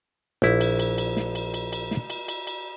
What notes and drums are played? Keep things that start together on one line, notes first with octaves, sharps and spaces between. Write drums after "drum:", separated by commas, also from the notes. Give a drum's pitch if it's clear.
A#1 E4, drum: snare
drum: cymbal
drum: cymbal
drum: cymbal
drum: snare
drum: cymbal
drum: cymbal
drum: cymbal
drum: snare
drum: cymbal
drum: cymbal
drum: cymbal